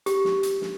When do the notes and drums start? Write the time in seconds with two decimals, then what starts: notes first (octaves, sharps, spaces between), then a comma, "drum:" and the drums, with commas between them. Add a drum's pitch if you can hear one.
0.06 G4, drum: hi-hat
0.25 drum: snare
0.43 drum: hi-hat
0.61 drum: snare